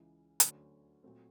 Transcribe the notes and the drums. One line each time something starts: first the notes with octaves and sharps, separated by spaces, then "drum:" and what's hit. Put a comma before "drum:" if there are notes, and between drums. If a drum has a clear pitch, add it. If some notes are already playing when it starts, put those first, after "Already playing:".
Already playing: C#2 C#3 E3
D2 D3 F#3 A3 C#4, drum: hi-hat
A#2 F#3 A3 C4